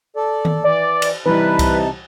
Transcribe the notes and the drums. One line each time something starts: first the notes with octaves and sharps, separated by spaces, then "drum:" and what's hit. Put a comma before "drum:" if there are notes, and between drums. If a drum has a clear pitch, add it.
A4 D5
drum: tom D#3
E3 D5
drum: cymbal
C3 E3 G3 D#4 B4 A5
drum: kick C2, cymbal